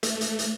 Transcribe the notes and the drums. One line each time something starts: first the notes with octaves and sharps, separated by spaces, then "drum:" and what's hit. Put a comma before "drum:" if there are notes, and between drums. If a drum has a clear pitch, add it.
A3, drum: hi-hat
drum: hi-hat
drum: hi-hat